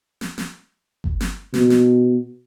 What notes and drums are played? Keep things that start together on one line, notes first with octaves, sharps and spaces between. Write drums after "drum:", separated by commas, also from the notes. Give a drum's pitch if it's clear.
drum: snare
drum: snare
drum: kick G1
drum: snare
B2, drum: snare
drum: snare